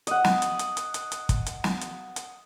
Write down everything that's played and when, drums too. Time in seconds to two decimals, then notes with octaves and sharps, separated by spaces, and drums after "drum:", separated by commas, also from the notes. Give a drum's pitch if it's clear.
0.07 D#5 F#5, drum: hi-hat
0.24 drum: snare
0.42 drum: hi-hat
0.59 drum: hi-hat
0.77 drum: hi-hat
0.94 drum: hi-hat
1.12 drum: hi-hat
1.29 drum: kick, hi-hat
1.46 drum: hi-hat
1.64 drum: snare
1.81 drum: hi-hat
2.16 drum: hi-hat